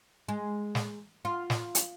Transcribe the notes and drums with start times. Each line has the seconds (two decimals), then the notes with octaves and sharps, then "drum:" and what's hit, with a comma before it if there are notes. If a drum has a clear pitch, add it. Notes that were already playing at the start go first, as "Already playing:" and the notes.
0.29 G#3
0.75 drum: snare
1.25 F4
1.50 drum: snare
1.75 drum: hi-hat